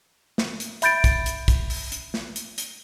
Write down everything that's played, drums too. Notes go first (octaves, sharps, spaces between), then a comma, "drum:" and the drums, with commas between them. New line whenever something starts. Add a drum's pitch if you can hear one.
drum: snare
drum: hi-hat
E5 B5 G6 A6 D7, drum: hi-hat
drum: kick, hi-hat
drum: hi-hat
drum: kick, hi-hat
drum: open hi-hat
drum: hi-hat
drum: snare
drum: hi-hat
drum: hi-hat